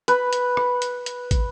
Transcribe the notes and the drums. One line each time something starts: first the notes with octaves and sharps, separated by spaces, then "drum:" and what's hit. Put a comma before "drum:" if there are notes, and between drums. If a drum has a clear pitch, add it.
B4, drum: hi-hat
drum: hi-hat
drum: rim click
drum: hi-hat
drum: hi-hat
drum: kick, hi-hat